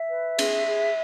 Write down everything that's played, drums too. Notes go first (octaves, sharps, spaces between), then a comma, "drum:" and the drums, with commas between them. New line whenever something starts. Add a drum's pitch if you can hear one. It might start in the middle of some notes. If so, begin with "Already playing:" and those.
Already playing: E5
B4
G#4, drum: cymbal
G#4